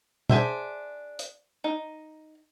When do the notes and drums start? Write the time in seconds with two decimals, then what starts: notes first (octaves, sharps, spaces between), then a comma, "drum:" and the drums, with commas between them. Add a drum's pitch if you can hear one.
0.29 D4 G#4 C5 E5, drum: tom
1.19 drum: hi-hat
1.64 D#4